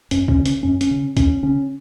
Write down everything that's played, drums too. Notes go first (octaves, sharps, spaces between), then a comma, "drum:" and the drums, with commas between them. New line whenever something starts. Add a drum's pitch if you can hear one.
F#2 C#4, drum: hi-hat
C#4, drum: kick
C#3
C#4, drum: hi-hat
F#2 C#4
C#4, drum: hi-hat
C#3
E2 C#4, drum: kick, hi-hat
C#3 C#4